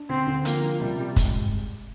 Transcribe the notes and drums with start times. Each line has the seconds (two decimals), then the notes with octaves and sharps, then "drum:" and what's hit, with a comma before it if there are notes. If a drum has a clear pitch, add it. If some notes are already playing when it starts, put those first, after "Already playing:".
Already playing: D4
0.09 D3 C4
0.27 D3
0.45 F3 A#3, drum: hi-hat
0.63 F3
0.81 C3 G3
0.98 C3
1.16 G#3, drum: kick, hi-hat